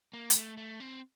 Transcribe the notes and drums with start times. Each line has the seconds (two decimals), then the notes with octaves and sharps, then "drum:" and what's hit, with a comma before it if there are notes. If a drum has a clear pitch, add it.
0.13 A#3
0.30 G#3, drum: hi-hat
0.35 A3
0.57 A3
0.80 C4